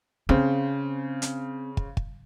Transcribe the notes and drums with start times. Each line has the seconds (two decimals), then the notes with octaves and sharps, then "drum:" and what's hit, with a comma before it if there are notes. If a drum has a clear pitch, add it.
0.29 C#3 C4 C5
1.22 drum: hi-hat
1.77 drum: kick
1.97 drum: kick